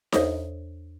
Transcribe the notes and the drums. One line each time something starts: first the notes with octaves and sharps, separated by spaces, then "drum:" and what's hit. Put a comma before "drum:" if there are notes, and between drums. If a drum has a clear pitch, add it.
E2 A4 C5 C#5 D#5 D#6, drum: snare D#4